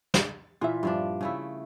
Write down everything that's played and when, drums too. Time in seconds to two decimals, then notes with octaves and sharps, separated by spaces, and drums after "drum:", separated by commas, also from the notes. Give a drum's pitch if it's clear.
0.14 drum: snare
0.61 A#2 E3 F4 E5
0.83 G2 F3 D4
1.21 C#3 A3 E4